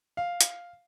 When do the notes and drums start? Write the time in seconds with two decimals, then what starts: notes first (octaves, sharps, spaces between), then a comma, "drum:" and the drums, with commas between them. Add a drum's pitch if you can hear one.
0.17 F5
0.41 drum: hi-hat